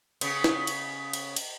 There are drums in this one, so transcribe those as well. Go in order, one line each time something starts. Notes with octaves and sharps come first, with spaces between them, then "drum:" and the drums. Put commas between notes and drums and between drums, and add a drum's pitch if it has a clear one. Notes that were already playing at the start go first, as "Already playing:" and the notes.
C#3 B3, drum: cymbal
drum: snare
drum: cymbal
drum: cymbal
drum: cymbal